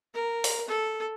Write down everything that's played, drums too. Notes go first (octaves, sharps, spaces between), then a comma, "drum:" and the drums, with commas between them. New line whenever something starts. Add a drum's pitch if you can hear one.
A#4
drum: open hi-hat
A4